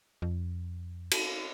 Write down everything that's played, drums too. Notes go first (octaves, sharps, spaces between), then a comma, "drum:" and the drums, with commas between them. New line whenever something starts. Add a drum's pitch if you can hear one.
F2
drum: cymbal